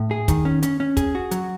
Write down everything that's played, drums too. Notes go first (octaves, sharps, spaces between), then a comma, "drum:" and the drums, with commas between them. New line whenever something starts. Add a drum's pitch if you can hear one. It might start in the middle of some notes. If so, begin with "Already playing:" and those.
Already playing: A2
G#4
D#3, drum: kick, hi-hat
C#4
C#4, drum: hi-hat
C#4
G#4, drum: kick, hi-hat
F#4
F#3, drum: hi-hat